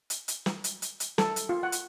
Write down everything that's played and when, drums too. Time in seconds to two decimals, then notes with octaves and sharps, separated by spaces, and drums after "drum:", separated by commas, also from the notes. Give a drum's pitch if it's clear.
0.10 drum: hi-hat
0.28 drum: hi-hat
0.46 drum: snare
0.64 drum: hi-hat
0.82 drum: hi-hat
1.00 drum: hi-hat
1.18 A4, drum: snare
1.36 drum: hi-hat
1.49 F4
1.63 F#5
1.72 drum: hi-hat